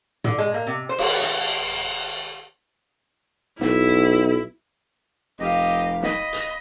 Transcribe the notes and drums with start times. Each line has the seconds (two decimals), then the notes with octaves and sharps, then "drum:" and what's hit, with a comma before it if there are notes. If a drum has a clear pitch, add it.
0.24 D3, drum: tom
0.38 G#3
0.54 A#3
0.67 C3
0.89 C5
0.99 drum: cymbal
1.20 drum: hi-hat
3.61 B1 E4, drum: snare
5.39 F1 G4 D#5 F5
6.03 D#5 B5, drum: snare
6.33 drum: hi-hat